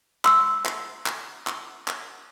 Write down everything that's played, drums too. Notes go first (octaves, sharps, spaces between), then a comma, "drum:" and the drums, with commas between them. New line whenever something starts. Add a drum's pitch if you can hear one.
C6 E6, drum: clap
drum: clap
drum: clap
drum: clap
drum: clap